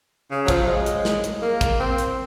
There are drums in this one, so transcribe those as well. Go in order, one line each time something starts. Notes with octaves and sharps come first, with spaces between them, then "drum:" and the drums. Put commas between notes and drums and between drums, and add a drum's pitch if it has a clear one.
C#3
F#3
F3, drum: kick, hi-hat
F#3
G#3
drum: hi-hat
drum: snare
drum: hi-hat
A#3
drum: kick, hi-hat
C4
drum: hi-hat